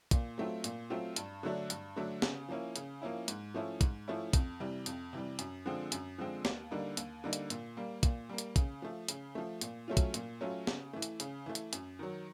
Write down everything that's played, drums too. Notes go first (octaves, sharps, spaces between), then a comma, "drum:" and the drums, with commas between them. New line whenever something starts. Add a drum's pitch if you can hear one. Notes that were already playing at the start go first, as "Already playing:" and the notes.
A#2, drum: kick, hi-hat
F#3 A3 C4 F4
A#2, drum: hi-hat
F#3 A3 C4 F4
G2, drum: hi-hat
D3 F#3 A3 D4
G2, drum: hi-hat
D3 F#3 A3 D4
C#3, drum: snare
F3 A#3 C#4 E4
C#3, drum: hi-hat
F3 A#3 C#4 E4
G#2, drum: hi-hat
F3 A3 C#4 E4
G#2, drum: kick, hi-hat
F3 A3 C#4 E4
F2, drum: kick, hi-hat
C3 E3 G3
F2, drum: hi-hat
C3 E3 G3
F#2, drum: hi-hat
D3 F3 G#3 C4
F#2, drum: hi-hat
D3 F3 G#3 C4
D#2, drum: snare
D3 G3 A#3 D#4
D#2, drum: hi-hat
D3 G3 A#3 D#4
drum: hi-hat
A#2, drum: hi-hat
G3 A#3
A#2, drum: kick, hi-hat
G3 A#3
drum: hi-hat
C#3, drum: kick, hi-hat
F3 A3
C#3, drum: hi-hat
F3 A3
A#2, drum: hi-hat
F#3 A3 C#4 F4
drum: kick, hi-hat
A#2, drum: hi-hat
F#3 A3 C#4 F4
C#3, drum: snare
E3 A3
drum: hi-hat
C#3, drum: hi-hat
E3 A3
drum: hi-hat
F#2, drum: hi-hat
D#3 F#3